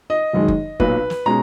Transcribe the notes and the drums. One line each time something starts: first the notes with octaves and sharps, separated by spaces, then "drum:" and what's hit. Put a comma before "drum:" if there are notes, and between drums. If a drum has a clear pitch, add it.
D#5
F#1 F#2 D#3 G#3
drum: kick F#1
B1 A#2 F#3 B4, drum: kick F#1
drum: snare
B2 G#3 C#4 A#5